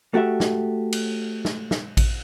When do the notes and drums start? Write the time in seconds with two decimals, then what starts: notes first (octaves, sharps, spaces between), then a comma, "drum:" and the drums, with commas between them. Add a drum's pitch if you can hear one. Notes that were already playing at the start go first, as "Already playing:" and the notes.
0.14 A3 F#4 G4 E5
0.40 drum: snare
0.92 drum: cymbal
1.45 drum: snare
1.71 drum: snare
1.97 drum: kick A1, cymbal